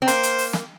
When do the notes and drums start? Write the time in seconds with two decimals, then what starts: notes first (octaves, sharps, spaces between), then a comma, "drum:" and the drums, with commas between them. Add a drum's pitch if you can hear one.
0.02 C4
0.08 A#3 C5, drum: hi-hat
0.23 drum: hi-hat
0.38 drum: open hi-hat
0.53 drum: snare